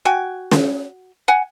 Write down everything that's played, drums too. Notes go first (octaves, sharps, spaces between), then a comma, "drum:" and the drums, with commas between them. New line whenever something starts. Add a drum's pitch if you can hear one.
F#4 G5 G#5
drum: snare
F#5 G#5